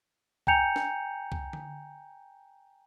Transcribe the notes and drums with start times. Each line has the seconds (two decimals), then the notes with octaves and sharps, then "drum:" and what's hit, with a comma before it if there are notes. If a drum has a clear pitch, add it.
0.47 G5 G#5 A#5 G6 C#7 F7, drum: kick C2
0.76 drum: snare
1.32 drum: kick C2
1.53 drum: tom D3